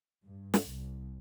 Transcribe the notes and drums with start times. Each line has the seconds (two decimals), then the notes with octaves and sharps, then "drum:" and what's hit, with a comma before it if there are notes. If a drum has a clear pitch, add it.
0.25 G2
0.54 drum: snare
0.70 C2